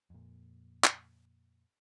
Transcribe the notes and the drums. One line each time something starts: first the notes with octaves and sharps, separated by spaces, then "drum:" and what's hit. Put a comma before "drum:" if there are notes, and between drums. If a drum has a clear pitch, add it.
F2 A#2
drum: clap